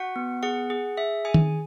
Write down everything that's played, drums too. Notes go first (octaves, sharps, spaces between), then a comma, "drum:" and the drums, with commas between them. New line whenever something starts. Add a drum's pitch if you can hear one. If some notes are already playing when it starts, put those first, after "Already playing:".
Already playing: F#4 F#5
B3
G#4 F#5
G#4
G#4 E5
G#4 G#5
drum: tom D#3